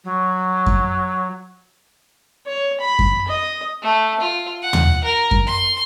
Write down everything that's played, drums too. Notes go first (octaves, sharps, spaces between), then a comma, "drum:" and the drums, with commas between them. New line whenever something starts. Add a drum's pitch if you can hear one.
F#3
drum: kick F#2
C#5
B5
drum: kick F#2
D#5
A3
F4
F#5
drum: tom
A#4
drum: kick F#2
C6